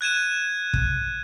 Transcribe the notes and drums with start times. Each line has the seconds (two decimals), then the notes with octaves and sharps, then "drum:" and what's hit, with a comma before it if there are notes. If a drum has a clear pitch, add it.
0.01 F#6 G#6 D#7 E7
0.74 drum: kick